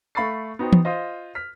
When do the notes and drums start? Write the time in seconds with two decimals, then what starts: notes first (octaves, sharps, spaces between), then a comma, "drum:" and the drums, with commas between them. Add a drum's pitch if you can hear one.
0.15 A3 F5 B5 C#6 A6 C7
0.59 B3 D#4 F#4 C5 G5
0.73 drum: tom E3
0.85 F4 C5 D#5
1.35 F6 B6